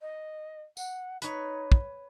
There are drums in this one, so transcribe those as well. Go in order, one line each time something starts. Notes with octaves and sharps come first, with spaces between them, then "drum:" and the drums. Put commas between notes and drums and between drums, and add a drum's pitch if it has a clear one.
D#5
F#5, drum: tambourine
D#4 B4 C#5, drum: hi-hat
drum: kick